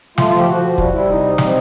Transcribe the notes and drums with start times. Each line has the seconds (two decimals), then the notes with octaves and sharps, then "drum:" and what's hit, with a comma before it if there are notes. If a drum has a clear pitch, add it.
0.18 A3 F4, drum: snare
0.29 F3 F4
0.39 G4
0.48 F3 F#4
0.63 F3
0.78 G3, drum: kick
0.93 G3 E4
1.09 C3 D#4
1.23 C3
1.38 C3, drum: snare